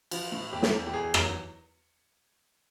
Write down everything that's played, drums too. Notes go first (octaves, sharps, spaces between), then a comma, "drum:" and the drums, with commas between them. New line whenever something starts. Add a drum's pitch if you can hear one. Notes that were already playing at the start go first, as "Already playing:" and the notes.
F3, drum: cymbal
A2
E2 G4
drum: snare
E2
G4
E2 G#4
F#3, drum: rim click